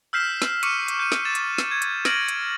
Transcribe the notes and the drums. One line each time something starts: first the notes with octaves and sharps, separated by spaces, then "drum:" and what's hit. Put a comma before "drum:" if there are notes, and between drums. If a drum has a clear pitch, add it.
E6 F6 G6 B6 C7 E7
drum: snare
C#6 D6 F6 C#7 D#7 E7, drum: hi-hat
drum: hi-hat
G6 D#7
drum: snare
A6 E7
drum: hi-hat
drum: snare
G#6
drum: hi-hat
F6 A#6 D7 D#7 F#7, drum: snare
drum: hi-hat